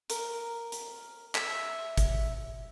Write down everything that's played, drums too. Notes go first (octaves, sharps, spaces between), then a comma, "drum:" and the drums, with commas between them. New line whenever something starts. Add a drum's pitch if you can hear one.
A#4, drum: hi-hat
drum: hi-hat
E5, drum: clap
drum: kick, hi-hat